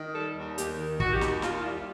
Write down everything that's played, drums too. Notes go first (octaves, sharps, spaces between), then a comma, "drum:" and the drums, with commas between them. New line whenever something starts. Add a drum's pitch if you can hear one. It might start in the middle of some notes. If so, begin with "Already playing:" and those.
Already playing: D#3
G3 A4
D#2
D#2 G4, drum: hi-hat
D#3
D#3 F#4, drum: kick
G4
D#2 F#4, drum: snare
D#2 F4, drum: snare
F4
G3 E4